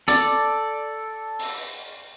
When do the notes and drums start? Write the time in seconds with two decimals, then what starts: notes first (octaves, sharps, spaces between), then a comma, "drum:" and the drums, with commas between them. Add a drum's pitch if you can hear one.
0.08 A4 D5, drum: hi-hat
1.39 drum: open hi-hat